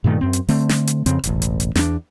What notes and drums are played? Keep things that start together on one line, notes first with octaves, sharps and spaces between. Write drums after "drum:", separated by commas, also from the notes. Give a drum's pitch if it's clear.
G2 A#2 D#3 A3
F#2 C4
drum: hi-hat
D3 A3 C4, drum: open hi-hat
drum: snare
drum: hi-hat
F2 C#3 C4, drum: hi-hat
E1 A1, drum: hi-hat
drum: hi-hat
drum: hi-hat
E2 D4, drum: snare